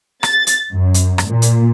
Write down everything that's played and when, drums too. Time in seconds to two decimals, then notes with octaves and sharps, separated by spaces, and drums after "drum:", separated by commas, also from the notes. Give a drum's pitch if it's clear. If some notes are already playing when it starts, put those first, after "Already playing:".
0.23 A6, drum: rim click
0.47 drum: hi-hat
0.72 F#2
0.94 drum: hi-hat
1.18 drum: rim click
1.28 A#2
1.42 drum: hi-hat